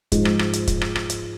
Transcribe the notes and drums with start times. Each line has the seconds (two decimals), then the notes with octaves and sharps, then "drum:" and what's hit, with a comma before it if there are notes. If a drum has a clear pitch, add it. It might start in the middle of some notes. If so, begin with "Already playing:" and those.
0.12 G#2 F3 G#3 D#4, drum: kick, hi-hat
0.25 drum: rim click
0.39 drum: rim click
0.53 drum: hi-hat
0.67 drum: kick, hi-hat
0.81 drum: rim click
0.96 drum: rim click
1.10 drum: hi-hat